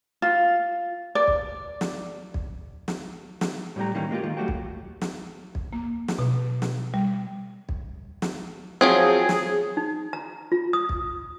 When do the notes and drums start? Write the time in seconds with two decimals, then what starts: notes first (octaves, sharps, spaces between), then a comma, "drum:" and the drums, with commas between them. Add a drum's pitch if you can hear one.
0.22 F4
1.15 D5
1.27 drum: kick B1
1.81 drum: snare
2.34 drum: kick B1
2.88 drum: snare
3.41 drum: snare
3.76 A2 G3 G4 A#5
3.95 D#3 E3 G3 A#3 C#4
4.11 G#3 A#3 F4 G4
4.23 D#3 G#3 F4
4.37 F#3 A3 F#4 G4
4.48 drum: kick B1
5.01 drum: snare
5.55 drum: kick B1
5.73 A#3
6.08 drum: snare
6.19 B2
6.62 drum: snare
6.94 G3
7.69 drum: kick B1
8.22 drum: snare
8.81 F3 F#3 C4 G#4
9.29 drum: snare
9.77 D#4
10.13 A#5
10.52 F4
10.73 D#6
10.89 drum: kick B1